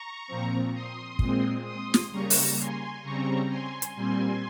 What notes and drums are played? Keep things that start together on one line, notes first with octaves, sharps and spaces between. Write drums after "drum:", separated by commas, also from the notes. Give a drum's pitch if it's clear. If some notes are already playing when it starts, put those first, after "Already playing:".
Already playing: A#5 C#6
A#2 F3 C4
C6 D#6
A#2 G#3 C4, drum: kick
C6 D#6
drum: snare
C#3 G3 A#3 A#5 C#6
drum: open hi-hat
G#5 C6
C#3 G3 C4 A#5 C#6
G#5 C6
drum: hi-hat
A#2 G3 C4 G#5 C6